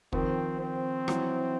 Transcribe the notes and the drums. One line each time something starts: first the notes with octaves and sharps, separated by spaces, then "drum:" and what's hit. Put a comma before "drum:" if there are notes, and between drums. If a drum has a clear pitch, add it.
D#3 F3 C4, drum: kick
C4
E3 F#3, drum: rim click